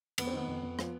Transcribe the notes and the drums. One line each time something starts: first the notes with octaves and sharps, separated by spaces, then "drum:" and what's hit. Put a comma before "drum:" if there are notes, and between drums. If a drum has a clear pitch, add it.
F2 B3, drum: cymbal
C4
D#3 B3
F2
F2
F3, drum: rim click